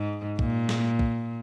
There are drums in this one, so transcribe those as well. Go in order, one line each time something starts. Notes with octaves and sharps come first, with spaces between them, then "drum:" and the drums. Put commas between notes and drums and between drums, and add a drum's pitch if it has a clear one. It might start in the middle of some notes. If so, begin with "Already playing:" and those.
Already playing: G#2
A#2, drum: kick
drum: snare
drum: kick